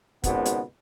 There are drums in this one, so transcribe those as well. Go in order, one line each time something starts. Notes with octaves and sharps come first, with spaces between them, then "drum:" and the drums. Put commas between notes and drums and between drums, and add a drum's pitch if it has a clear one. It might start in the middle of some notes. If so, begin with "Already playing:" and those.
G#1 C#2 G#2 B2 B3, drum: kick, hi-hat
drum: hi-hat